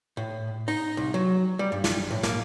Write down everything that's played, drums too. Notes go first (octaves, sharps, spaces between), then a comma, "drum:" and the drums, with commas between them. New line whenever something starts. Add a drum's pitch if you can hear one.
A2
D#4, drum: open hi-hat
C2
F#3
G3
G2
drum: snare
A2
A#3, drum: snare